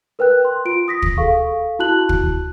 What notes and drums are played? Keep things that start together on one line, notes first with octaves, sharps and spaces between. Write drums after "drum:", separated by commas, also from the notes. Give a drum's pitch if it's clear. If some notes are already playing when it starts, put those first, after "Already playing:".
A#4 B4 G5 F#6
C6
F4 D7
D#6 A#6 B6
drum: kick
G#4 A4 F5 C#6
E4 F#4 A5 F#6 F#7
drum: kick